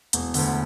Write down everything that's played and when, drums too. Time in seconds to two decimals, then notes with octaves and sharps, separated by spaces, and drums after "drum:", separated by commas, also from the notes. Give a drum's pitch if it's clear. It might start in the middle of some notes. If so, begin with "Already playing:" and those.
0.13 E1, drum: hi-hat
0.34 D2 D3, drum: open hi-hat